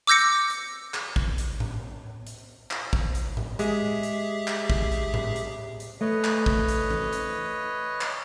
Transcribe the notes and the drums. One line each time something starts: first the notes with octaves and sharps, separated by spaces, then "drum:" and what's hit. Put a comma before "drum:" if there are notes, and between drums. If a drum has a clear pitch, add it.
D6 E6 G6 A#6 C#7
drum: hi-hat
drum: clap
drum: kick A1
drum: hi-hat
drum: tom A2
drum: hi-hat
drum: clap
drum: kick A1
drum: hi-hat
drum: tom A2
G#3 G4 G#4 E5, drum: hi-hat
drum: hi-hat
drum: clap
drum: kick A1
drum: hi-hat
drum: tom A2
drum: hi-hat
drum: hi-hat
A3 B4 C#5 D#5
drum: clap
drum: kick A1
drum: hi-hat
drum: tom E3
drum: hi-hat
drum: clap